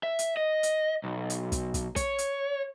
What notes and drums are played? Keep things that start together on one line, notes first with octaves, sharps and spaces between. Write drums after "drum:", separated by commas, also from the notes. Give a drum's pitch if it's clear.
E5
drum: hi-hat
D#5
drum: hi-hat
B1
drum: hi-hat
drum: kick, hi-hat
drum: kick, hi-hat
C#5, drum: kick, hi-hat
drum: hi-hat